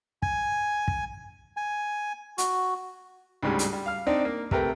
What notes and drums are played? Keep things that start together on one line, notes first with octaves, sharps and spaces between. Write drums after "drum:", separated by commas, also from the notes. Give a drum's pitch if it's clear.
G#5, drum: kick
drum: kick
G#5
F#4, drum: hi-hat
D2 G#2 C#3 G3
drum: hi-hat
G3
F5 F6
C4 D4 D#4 D5
A#3
C3 A3 A#4 B4 G5, drum: kick